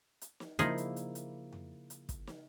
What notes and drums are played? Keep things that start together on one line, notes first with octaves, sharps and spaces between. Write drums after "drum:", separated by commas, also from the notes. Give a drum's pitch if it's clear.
drum: hi-hat
drum: snare
C#3 F3 A#3 D#4 E4 G#4, drum: hi-hat
drum: hi-hat
drum: hi-hat
drum: hi-hat
drum: tom F2
drum: hi-hat
drum: kick, hi-hat
drum: snare